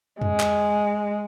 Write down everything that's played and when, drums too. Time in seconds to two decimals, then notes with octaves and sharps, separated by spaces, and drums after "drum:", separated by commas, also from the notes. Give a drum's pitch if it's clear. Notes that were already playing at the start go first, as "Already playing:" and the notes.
0.21 G#3, drum: tom F2
0.40 drum: clap